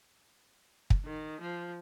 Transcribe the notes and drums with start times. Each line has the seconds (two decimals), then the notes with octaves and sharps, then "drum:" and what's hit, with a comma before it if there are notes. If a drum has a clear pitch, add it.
0.90 drum: kick
1.05 D#3
1.40 F3